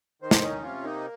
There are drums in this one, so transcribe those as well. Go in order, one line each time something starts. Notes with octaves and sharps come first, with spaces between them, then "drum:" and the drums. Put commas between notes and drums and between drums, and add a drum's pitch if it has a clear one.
D#3 C5
drum: snare
C#4 D#4
C3 F4
A#3 D#4